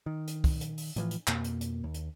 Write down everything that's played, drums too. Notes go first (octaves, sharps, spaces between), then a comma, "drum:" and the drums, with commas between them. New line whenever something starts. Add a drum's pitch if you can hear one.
D#3
drum: hi-hat
drum: kick, open hi-hat
drum: hi-hat
drum: open hi-hat
A2 E3 F3, drum: hi-hat
drum: hi-hat
F2 B2 A#3, drum: clap
drum: hi-hat
drum: hi-hat
D#2
drum: hi-hat